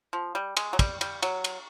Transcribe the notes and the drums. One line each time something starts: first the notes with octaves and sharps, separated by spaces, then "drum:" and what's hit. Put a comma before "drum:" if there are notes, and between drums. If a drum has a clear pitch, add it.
F3
G3
G#3, drum: cymbal
F#3
G3, drum: kick, cymbal
G3, drum: cymbal
F#3, drum: cymbal
drum: cymbal